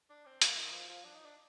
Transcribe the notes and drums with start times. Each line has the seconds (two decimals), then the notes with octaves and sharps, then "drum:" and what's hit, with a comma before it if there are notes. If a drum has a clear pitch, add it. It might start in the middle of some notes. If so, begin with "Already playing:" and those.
0.10 D4
0.26 C4
0.42 A#3, drum: hi-hat
0.58 D#3
0.72 F3
0.89 F3
1.05 D4
1.15 D#4
1.25 D4